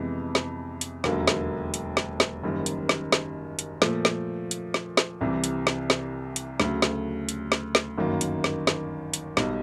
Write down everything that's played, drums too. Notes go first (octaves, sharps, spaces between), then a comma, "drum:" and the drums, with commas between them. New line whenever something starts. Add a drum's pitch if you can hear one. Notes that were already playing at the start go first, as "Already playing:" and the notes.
Already playing: F2 C3 E3 G#3 B3
drum: snare
drum: hi-hat
E1 D#2 D3 F#3 A#3, drum: snare
drum: snare
drum: hi-hat
drum: snare
drum: snare
F#1 F#2 D#3 G3
drum: hi-hat
drum: snare
drum: snare
drum: hi-hat
A#2 F3 A3, drum: snare
drum: snare
drum: hi-hat
drum: snare
drum: snare
C2 C3 E3
drum: hi-hat
drum: snare
drum: snare
drum: hi-hat
D2 C#3 F#3 A3, drum: snare
drum: snare
drum: hi-hat
drum: snare
drum: snare
G1 F#2 D#3 F#3 A#3
drum: hi-hat
drum: snare
drum: snare
drum: hi-hat
B1 B2 G3, drum: snare